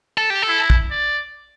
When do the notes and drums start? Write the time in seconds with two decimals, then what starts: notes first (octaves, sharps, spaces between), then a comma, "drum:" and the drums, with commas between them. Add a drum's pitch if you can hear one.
0.18 A4
0.30 G4
0.42 A4
0.48 E4
0.70 drum: kick
0.91 D5